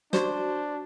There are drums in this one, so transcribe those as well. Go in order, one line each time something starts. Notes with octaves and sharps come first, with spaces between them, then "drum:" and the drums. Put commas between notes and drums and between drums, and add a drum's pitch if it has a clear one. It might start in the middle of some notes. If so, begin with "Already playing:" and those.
D4 F#4 C5 D5 C#6, drum: snare